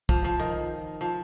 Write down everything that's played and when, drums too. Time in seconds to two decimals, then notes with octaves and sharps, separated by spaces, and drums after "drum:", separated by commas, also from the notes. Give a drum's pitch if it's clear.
0.09 F3, drum: kick
0.24 F3
0.40 D#3
1.01 F3